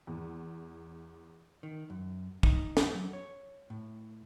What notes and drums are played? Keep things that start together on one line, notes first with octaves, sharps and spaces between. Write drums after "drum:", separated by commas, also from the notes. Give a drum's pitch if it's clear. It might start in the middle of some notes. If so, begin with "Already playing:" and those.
E2
D#3
F#2
D#4, drum: kick
drum: snare
F#3
C#5
A2